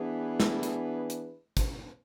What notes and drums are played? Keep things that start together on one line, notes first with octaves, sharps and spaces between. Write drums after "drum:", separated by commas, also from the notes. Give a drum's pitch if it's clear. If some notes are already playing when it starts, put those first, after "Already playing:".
Already playing: E3 B3 D4 G#4 B4
drum: snare
drum: hi-hat
drum: hi-hat
drum: kick, hi-hat